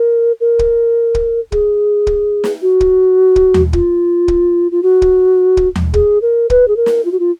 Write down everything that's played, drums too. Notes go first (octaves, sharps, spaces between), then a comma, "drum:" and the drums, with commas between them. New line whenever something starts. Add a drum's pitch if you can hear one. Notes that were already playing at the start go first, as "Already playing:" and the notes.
Already playing: A#4
A#4
drum: kick
drum: kick
G#4, drum: kick
drum: kick
drum: snare
F#4
drum: kick
drum: kick
drum: tom D#2
F4, drum: kick
drum: kick
F4
F#4
drum: kick
drum: kick
drum: tom D#2
G#4, drum: kick
A#4
B4, drum: kick
G#4
A#4
drum: snare
F4
F#4
F4